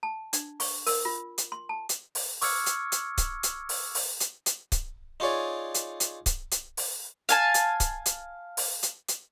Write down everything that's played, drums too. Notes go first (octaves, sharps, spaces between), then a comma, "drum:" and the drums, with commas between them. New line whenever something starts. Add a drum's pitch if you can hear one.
A5
D4, drum: hi-hat
C#6, drum: open hi-hat
A#4, drum: open hi-hat
F4
drum: hi-hat
C6
A5
drum: hi-hat
drum: open hi-hat
C#6 D6 E6 F6 G#6 C#7, drum: open hi-hat
drum: hi-hat
drum: hi-hat
drum: kick C#1, hi-hat
drum: hi-hat
drum: open hi-hat
drum: open hi-hat
drum: hi-hat
drum: hi-hat
drum: kick C#1, hi-hat
D#4 F4 G#4 C#5 D5
drum: hi-hat
drum: hi-hat
drum: kick C#1, hi-hat
drum: hi-hat
drum: open hi-hat
F5 G#5 A5, drum: hi-hat
drum: hi-hat
drum: kick C#1, hi-hat
drum: hi-hat
drum: open hi-hat
drum: hi-hat
drum: hi-hat